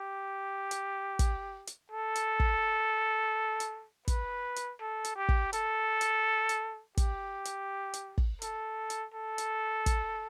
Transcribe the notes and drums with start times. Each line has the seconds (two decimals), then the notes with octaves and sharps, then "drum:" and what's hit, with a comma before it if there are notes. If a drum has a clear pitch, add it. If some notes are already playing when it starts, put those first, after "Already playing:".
Already playing: G4
0.71 drum: hi-hat
1.19 drum: kick, hi-hat
1.67 drum: hi-hat
1.92 A4
2.15 drum: hi-hat
2.40 drum: kick
3.60 drum: hi-hat
4.08 B4, drum: kick, hi-hat
4.56 drum: hi-hat
4.81 A4
5.04 drum: hi-hat
5.16 G4
5.29 drum: kick
5.53 A4, drum: hi-hat
6.01 drum: hi-hat
6.49 drum: hi-hat
6.97 G4, drum: kick, hi-hat
7.45 drum: hi-hat
7.94 drum: hi-hat
8.18 drum: kick
8.42 A4, drum: hi-hat
8.90 drum: hi-hat
9.14 A4
9.38 drum: hi-hat
9.86 drum: kick, hi-hat